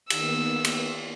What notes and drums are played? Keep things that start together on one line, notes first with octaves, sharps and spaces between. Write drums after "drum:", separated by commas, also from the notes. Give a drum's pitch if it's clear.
D#3 A#3 B3 E6, drum: cymbal
drum: cymbal